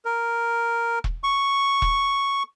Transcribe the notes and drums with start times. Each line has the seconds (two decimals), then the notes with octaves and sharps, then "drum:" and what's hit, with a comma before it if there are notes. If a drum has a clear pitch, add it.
0.05 A#4
1.04 drum: kick E1
1.24 C#6
1.82 drum: kick E1